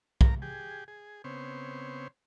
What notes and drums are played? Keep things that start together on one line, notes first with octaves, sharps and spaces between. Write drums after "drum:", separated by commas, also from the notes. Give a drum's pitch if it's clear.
F2 A#4 A#5, drum: kick
G4 G#4
G#4
C#3 B3 C4 C5 C#5